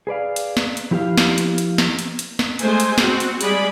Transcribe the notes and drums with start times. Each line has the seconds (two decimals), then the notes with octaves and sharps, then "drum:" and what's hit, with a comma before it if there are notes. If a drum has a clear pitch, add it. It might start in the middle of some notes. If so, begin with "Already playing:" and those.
0.07 G#4 B4 D5 F5
0.36 drum: hi-hat
0.57 drum: snare
0.77 drum: hi-hat
0.91 F3 E4 G4 B4 F5
1.17 drum: snare
1.38 drum: hi-hat
1.58 drum: hi-hat
1.78 drum: snare
1.99 drum: hi-hat
2.19 drum: hi-hat
2.39 drum: snare
2.59 G#3 A3 C5 G#5, drum: hi-hat
2.80 drum: hi-hat
2.98 C4 F#4, drum: snare
3.20 drum: hi-hat
3.41 G3 G#3 G#4 D5 B5, drum: hi-hat